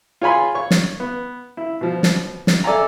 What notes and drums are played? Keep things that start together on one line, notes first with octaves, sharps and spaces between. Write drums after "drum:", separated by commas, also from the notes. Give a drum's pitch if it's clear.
F4 G#4 C#5 G#5 B5 C6
C#5 C#6
drum: snare
B3
E4
B2 F3
drum: snare
drum: snare
A4 D5 E5 G#5 A#5